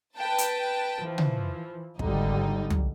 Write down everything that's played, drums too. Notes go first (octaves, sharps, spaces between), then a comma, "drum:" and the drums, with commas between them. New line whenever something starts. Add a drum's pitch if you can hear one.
B4 G5 A5
drum: hi-hat
E3 F3
drum: tom
G#1 D3 G3 D#4, drum: kick
drum: tom